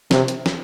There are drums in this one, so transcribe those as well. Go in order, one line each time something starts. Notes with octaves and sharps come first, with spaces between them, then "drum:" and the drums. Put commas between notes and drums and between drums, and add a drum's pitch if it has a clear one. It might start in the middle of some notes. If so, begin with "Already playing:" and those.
C3, drum: snare
drum: hi-hat
drum: snare